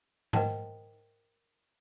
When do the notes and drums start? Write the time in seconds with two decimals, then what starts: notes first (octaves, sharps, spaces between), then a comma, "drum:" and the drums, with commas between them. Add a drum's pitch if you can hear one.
0.33 A#4 C5 D#5 F#5 G5 A5, drum: tom G#2